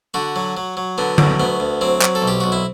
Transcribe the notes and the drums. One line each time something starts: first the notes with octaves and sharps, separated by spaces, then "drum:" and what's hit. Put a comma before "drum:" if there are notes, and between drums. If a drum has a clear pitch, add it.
D3 F#4
F#3
F#3
F#3
D3 B3
F#3, drum: tom D3
D2 B3
D2
F#3 C4
F#3, drum: clap
A4
B1
G4
B1 F#4
E4